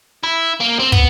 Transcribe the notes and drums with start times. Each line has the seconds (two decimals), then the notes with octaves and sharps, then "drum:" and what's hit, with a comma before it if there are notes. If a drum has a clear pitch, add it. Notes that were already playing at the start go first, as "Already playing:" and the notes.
0.24 E4
0.61 A#3
0.80 C4
0.92 B3, drum: kick